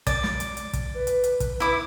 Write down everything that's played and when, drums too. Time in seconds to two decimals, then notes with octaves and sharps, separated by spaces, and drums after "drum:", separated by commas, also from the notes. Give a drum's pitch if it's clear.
0.07 D5, drum: kick, hi-hat
0.23 drum: snare
0.40 drum: hi-hat
0.57 drum: hi-hat
0.73 drum: kick, hi-hat
0.95 B4
1.07 drum: hi-hat
1.24 drum: hi-hat
1.40 drum: kick, hi-hat
1.60 E4 D6